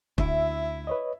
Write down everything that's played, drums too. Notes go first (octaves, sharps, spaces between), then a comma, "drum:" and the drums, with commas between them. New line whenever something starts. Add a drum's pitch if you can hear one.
D2 E4 E5, drum: kick
B4 C#5 D#5